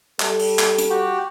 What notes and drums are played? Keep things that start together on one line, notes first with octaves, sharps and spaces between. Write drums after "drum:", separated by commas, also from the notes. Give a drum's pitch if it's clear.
G3 A4, drum: clap
drum: open hi-hat
drum: clap
drum: hi-hat
F#4 G4